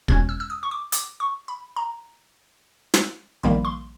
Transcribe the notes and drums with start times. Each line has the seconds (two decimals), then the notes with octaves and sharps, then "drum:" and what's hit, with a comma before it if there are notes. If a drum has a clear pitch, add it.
0.08 E2 B2 G#3 C#4 G#6, drum: kick
0.29 E6
0.40 E6
0.50 D#6
0.63 C#6
0.71 D6
0.92 D6, drum: hi-hat
1.20 C#6
1.48 B5
1.76 A#5
2.94 drum: snare
3.43 A#1 G#2 D#3 G3 A#3 B5
3.65 C6